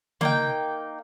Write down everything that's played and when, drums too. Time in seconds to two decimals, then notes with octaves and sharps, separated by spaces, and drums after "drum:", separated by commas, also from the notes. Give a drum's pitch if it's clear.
0.21 A#3 D#4 G5, drum: tom C#3